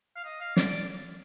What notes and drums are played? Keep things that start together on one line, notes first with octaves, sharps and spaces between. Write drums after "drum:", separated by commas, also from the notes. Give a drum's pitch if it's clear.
F5
D#5
F5
D5, drum: snare